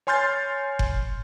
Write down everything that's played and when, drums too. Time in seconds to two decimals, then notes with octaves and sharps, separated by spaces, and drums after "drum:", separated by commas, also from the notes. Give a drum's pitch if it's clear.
0.07 C#5 G#5 C6 F6 G6 A6
0.79 drum: kick F#1